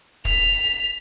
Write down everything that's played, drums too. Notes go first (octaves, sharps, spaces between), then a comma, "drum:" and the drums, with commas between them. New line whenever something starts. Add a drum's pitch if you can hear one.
B6 F7, drum: kick